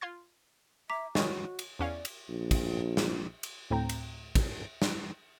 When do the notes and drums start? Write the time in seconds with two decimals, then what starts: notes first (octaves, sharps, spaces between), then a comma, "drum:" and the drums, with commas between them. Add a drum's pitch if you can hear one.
0.01 F4 C6 G#6
0.90 E5 A#5 D6 B6
1.15 D#3 G#3 F#4 C#5 D#5 C#6, drum: snare
1.59 drum: cymbal
1.79 E2 C#4 D5 F5
2.05 drum: cymbal
2.29 A#1
2.51 drum: kick, cymbal
2.97 drum: snare
3.43 drum: cymbal
3.70 D2 A2 C4 G5 A#5
3.89 drum: cymbal
4.35 drum: kick, cymbal
4.82 drum: snare